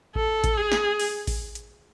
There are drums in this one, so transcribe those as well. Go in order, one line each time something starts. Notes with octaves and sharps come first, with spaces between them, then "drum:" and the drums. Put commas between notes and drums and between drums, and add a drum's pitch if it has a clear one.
A4, drum: kick A1
drum: kick A1, hi-hat
G#4
drum: snare
drum: open hi-hat
drum: kick A1, open hi-hat
drum: hi-hat